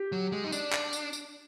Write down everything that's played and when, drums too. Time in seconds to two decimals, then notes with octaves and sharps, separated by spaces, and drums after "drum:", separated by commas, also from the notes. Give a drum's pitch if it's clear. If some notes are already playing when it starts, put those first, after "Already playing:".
Already playing: G4
0.12 F#3
0.32 G#3
0.44 D#4
0.52 D4, drum: tambourine
0.73 drum: clap
0.93 drum: tambourine
1.13 drum: tambourine